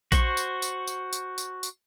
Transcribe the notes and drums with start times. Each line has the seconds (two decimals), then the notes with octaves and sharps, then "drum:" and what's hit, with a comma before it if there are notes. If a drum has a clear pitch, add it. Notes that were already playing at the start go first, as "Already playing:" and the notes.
0.12 F#4 C5 C#6, drum: kick A#1, tambourine
0.37 drum: tambourine
0.62 drum: tambourine
0.87 drum: tambourine
1.13 drum: tambourine
1.38 drum: tambourine
1.63 drum: tambourine